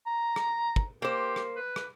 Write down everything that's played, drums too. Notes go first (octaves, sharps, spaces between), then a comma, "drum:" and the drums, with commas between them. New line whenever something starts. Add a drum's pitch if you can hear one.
A#5
drum: rim click
drum: kick
A#3 G4 C5
drum: rim click
B4
drum: rim click